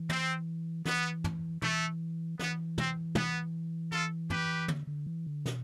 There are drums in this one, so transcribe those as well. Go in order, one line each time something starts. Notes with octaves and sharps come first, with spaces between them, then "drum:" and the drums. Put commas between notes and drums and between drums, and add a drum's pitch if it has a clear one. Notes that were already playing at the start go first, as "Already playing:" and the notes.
Already playing: E3
C4, drum: tom
E3 B3, drum: snare
drum: tom
E3 A3, drum: tom
E3 B3, drum: snare
C4, drum: tom
B3, drum: tom
F4 A4, drum: snare
G4 B4, drum: tom
D3, drum: tom
D3
E3
D3
B2, drum: snare